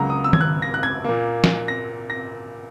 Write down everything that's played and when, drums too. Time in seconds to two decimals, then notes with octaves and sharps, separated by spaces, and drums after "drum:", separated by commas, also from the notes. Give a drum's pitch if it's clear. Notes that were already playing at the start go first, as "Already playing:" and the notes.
Already playing: C#2 C#3 F#3 A#3 A#5
0.10 D#6
0.24 E6
0.33 G#6, drum: tom D#3
0.41 F#6
0.62 A#6
0.74 F#6
0.83 G#6
1.04 A#2 A#3
1.44 drum: snare
1.68 A#6
2.10 A#6